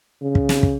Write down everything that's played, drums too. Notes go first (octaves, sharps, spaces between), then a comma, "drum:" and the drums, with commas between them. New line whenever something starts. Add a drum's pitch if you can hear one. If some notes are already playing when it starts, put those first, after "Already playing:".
C#3
drum: kick
drum: snare
drum: kick